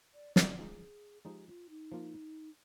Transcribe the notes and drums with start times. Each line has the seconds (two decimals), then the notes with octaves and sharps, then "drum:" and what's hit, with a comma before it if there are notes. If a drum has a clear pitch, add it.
0.14 D5
0.36 D5, drum: snare
0.58 F3 G#3 D#4 G#4
1.25 F3 G#3 D#4 G4
1.47 F4
1.69 D#4
1.92 F3 A#3 F4